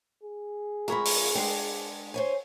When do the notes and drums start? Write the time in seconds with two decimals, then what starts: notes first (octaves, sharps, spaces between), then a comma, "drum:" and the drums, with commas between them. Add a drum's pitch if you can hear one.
0.23 G#4
0.88 F2 G#3 A#4 C#5 B5
1.05 drum: open hi-hat
1.35 G#3 D4 G5 C6
2.14 C5 C#5 G#5